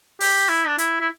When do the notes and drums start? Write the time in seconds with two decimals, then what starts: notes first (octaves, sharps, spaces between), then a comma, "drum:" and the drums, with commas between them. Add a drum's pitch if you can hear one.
0.20 G4, drum: open hi-hat
0.49 E4
0.67 D4
0.78 E4, drum: hi-hat
1.00 E4